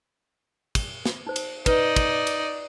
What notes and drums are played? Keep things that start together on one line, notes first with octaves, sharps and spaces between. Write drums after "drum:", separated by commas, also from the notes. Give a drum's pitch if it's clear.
drum: kick, cymbal
drum: snare
D#4 C5
drum: cymbal
D#4 B4 D5, drum: kick, cymbal
drum: kick, cymbal
drum: cymbal